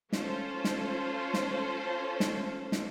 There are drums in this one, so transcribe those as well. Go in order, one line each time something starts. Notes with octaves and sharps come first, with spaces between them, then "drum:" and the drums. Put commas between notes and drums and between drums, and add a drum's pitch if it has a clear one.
C#4 F4 A4 C5, drum: snare
drum: snare
drum: snare
drum: snare
drum: snare